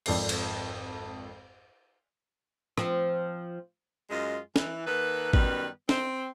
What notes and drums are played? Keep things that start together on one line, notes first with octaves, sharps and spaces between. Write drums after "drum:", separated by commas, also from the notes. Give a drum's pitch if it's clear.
G#1 F2 A4 D5 C7, drum: cymbal
drum: cymbal
F3 C4, drum: rim click
F#2 G#3 F4 D#5
E3, drum: snare
D#3 A#3 A4 B4
F#2 D#3 G3 B3 B4, drum: kick
C4, drum: snare